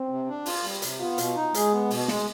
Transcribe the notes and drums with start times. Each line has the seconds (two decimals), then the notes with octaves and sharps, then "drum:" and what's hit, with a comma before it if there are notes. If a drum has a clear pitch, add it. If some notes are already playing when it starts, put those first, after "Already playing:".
Already playing: C4
0.09 C3
0.28 D4
0.46 F4, drum: open hi-hat
0.64 G3
0.82 C3, drum: hi-hat
1.00 B3 F4
1.18 B2, drum: hi-hat
1.36 D#4
1.54 G#3 G#4, drum: hi-hat
1.73 B3
1.90 B2, drum: open hi-hat
2.08 G#3, drum: snare